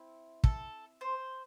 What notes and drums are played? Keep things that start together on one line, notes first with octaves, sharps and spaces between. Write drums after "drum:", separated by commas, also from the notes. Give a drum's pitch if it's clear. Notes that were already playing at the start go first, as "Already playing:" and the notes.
Already playing: C4 E4
A4, drum: kick
C5